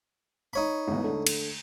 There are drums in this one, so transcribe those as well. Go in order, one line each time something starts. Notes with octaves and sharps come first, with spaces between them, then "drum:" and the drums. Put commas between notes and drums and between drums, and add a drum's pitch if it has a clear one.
D#4 C#5 B5
E1 A1 E2
D3 A3
drum: cymbal